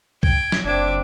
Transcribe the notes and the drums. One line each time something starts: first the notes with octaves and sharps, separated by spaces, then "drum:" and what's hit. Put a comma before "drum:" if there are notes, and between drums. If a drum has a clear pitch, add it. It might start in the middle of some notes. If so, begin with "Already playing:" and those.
G5 G#6, drum: kick C2
drum: snare
F#1 C4 D4 E5 D6